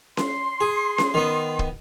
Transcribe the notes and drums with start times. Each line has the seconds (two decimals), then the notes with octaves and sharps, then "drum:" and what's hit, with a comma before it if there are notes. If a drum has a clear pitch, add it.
0.17 C6, drum: snare C#4
0.61 G#4
0.98 drum: snare C#4
1.14 D#3 B3
1.59 drum: kick